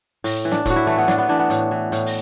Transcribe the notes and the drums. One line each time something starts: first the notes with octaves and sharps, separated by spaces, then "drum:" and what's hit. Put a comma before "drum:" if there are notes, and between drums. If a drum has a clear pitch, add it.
A2, drum: open hi-hat
E3
D4, drum: snare
A2 F#4, drum: kick, hi-hat
E4
E3 A3
B3
A2 D4, drum: snare
B3
E3 D4
B3
A2, drum: hi-hat
E3
A2, drum: hi-hat
drum: open hi-hat